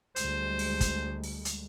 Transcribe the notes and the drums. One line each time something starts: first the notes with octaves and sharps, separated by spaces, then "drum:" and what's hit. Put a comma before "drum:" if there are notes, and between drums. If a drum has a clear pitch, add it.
D2 G3 G#3 C5, drum: hi-hat
drum: open hi-hat
drum: kick, hi-hat
drum: open hi-hat
drum: hi-hat